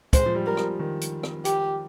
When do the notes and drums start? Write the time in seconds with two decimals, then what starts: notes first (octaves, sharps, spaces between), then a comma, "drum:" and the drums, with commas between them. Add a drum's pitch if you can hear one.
0.13 G#3 C5, drum: kick, hi-hat
0.26 F3
0.35 G3
0.46 G3 A#4
0.57 F3, drum: rim click
0.79 D#3
1.01 drum: hi-hat
1.23 drum: rim click
1.45 G4, drum: hi-hat